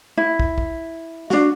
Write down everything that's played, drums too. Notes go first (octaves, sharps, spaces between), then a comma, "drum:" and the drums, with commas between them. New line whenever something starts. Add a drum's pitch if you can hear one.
E4
drum: kick
drum: kick
D4 F#4, drum: snare